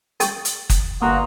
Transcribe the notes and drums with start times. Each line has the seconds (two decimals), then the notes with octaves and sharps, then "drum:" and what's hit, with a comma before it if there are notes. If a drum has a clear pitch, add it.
0.20 G#4 G5 C#6 A6, drum: hi-hat
0.45 drum: hi-hat
0.70 drum: kick F#1, hi-hat
1.02 G1 A#3 F#4 A#5 C6 D#6